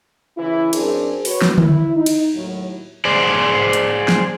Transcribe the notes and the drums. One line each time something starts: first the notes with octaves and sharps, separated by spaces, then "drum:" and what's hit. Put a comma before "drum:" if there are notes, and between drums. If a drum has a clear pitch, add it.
C#3 E3 E4
F#2 C4 D4 G#4 A#4, drum: cymbal
F#4 B4 C#5, drum: open hi-hat
drum: snare
E4, drum: tom D3
D#4
drum: cymbal
D#2 A2 F#3
G#4 C5 D5
drum: hi-hat
drum: snare